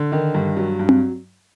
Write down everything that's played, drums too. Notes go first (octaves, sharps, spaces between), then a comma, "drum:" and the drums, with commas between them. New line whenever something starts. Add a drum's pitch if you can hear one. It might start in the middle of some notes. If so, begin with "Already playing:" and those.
Already playing: D3
D#3
G2
F#3
G2
drum: tom C4